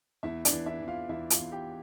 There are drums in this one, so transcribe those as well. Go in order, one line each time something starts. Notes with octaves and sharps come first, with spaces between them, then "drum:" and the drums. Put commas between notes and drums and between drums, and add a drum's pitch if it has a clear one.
E2 E4 E5
D4 D5, drum: hi-hat
E3
E4 E5
E3
F4 F5
E2 E4 E5
F4 F5, drum: hi-hat
E2
G4 G5